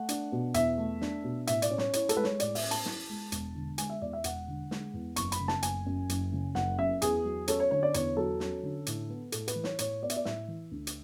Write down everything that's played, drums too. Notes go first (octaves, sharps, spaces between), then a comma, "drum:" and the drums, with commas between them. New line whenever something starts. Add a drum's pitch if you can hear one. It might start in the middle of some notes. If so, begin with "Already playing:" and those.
Already playing: A3 F#5
D4, drum: hi-hat
B2
E2 E5, drum: hi-hat
A3
D4, drum: snare
B2
A2 E5, drum: hi-hat
D5, drum: hi-hat
C#4
C#5, drum: snare
E4 C#5, drum: hi-hat
A4, drum: hi-hat
G#3 B4
C#5, drum: snare
A2 D5, drum: hi-hat
E5, drum: open hi-hat
C#4
A5, drum: hi-hat
E4, drum: snare
G#3
E1, drum: hi-hat
D3
G#3 G#5, drum: hi-hat
E5
E2 D5
E5
E1 F#5, drum: hi-hat
D3
G#3, drum: snare
E2
F#1 C#6, drum: hi-hat
B5, drum: hi-hat
C#3
A5, drum: snare
F#1 G#5, drum: hi-hat
F#2
F#1, drum: hi-hat
C#3
F#1 F#5, drum: snare
F#2 E5
E2 G#4, drum: hi-hat
F#3
C#4 A4, drum: hi-hat
C#5
D3 C#5
D5
E2 C#5, drum: hi-hat
F#3 A4
C#4, drum: snare
D3
A2, drum: hi-hat
B3
A2 A4, drum: hi-hat
B4, drum: hi-hat
E3
C#5, drum: snare
A2 C#5, drum: hi-hat
B3 D5
E5, drum: hi-hat
D5
A2 E5, drum: snare
E3
D2
drum: hi-hat